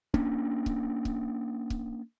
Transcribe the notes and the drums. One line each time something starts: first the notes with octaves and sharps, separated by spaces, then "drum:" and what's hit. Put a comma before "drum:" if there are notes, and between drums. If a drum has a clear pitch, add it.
A#3 C#4 D4, drum: kick C#1
drum: kick C#1
drum: kick C#1
drum: kick C#1